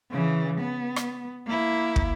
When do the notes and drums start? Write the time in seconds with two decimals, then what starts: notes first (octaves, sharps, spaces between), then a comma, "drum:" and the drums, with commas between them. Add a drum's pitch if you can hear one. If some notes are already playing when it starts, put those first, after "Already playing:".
0.11 C#3 E3
0.60 B3
0.96 drum: rim click
1.46 A#3 E4
1.96 drum: kick